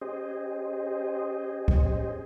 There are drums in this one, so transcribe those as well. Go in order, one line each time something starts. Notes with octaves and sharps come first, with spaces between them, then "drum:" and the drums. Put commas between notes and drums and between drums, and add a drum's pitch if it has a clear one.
C#4 G4 G#4 C5 D#5
drum: kick C2